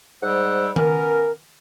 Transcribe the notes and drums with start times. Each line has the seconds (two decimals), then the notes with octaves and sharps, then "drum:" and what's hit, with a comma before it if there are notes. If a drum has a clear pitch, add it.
0.23 G#2 G3 C5 F#5 E6
0.76 B3 C#4 A#4, drum: tom D#3